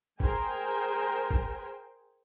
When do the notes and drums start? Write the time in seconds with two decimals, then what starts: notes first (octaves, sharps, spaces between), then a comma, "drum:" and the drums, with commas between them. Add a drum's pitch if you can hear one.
0.20 G#4 A#4 C5 G5 G#5, drum: kick
1.31 drum: kick